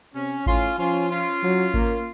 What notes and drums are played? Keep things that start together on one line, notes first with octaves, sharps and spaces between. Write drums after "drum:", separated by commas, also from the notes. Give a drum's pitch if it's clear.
C3 C#4
A2 C#4 F4, drum: kick G#1
F3 C#4 F4
C#4 F4
F#3
A#3, drum: kick G#1